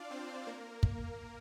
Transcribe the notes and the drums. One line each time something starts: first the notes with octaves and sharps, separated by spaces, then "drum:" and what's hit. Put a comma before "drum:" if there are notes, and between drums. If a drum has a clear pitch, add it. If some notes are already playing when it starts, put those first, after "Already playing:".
Already playing: D4 F4 D5 F5
C4 C5
A#3 A#4
drum: kick